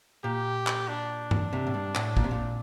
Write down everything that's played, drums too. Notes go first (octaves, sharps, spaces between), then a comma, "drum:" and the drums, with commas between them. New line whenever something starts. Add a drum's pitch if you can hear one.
A#2 G4
drum: clap
D4
drum: tom G2
C3
A2
G2
A2, drum: clap
A#2, drum: kick
C3
A#2